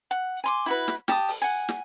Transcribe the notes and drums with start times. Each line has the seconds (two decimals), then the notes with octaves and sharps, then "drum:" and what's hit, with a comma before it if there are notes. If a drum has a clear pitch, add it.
0.11 F#5
0.44 G#5 C6 D6
0.66 E4 F#4 B4, drum: hi-hat
0.88 drum: snare
1.08 G4 A5 A#5 D#6, drum: snare
1.28 drum: open hi-hat
1.42 F#5 G#5
1.69 drum: snare